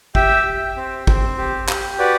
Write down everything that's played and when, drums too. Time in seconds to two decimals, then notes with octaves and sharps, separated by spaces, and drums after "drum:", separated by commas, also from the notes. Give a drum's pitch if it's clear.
0.15 G4 E5 G5, drum: kick
0.45 G4
0.77 C4
1.07 C4, drum: kick
1.38 G4
1.68 G4, drum: clap
1.99 F#4 B4 D5